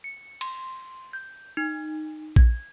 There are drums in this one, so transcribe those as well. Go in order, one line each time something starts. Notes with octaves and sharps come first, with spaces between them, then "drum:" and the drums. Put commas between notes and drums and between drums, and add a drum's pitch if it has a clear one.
C#7
C6, drum: cymbal
G6
D#4
G#6, drum: kick A#1